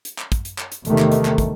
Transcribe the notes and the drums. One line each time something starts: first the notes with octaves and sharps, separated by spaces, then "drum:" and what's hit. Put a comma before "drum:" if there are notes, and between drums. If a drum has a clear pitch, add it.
drum: hi-hat
drum: clap
drum: kick, hi-hat
drum: hi-hat
drum: clap
drum: hi-hat
E2 C3 D#3 G3 A3, drum: hi-hat
drum: clap
drum: hi-hat
drum: clap
drum: kick, hi-hat